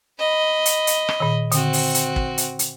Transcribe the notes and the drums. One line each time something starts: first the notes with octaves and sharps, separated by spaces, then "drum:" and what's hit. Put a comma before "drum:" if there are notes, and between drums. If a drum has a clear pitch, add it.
D#5 B5
drum: hi-hat
drum: hi-hat
drum: rim click
A#2 D#3
D3 C4 F#4, drum: hi-hat
drum: open hi-hat
drum: hi-hat
drum: kick
drum: hi-hat
drum: hi-hat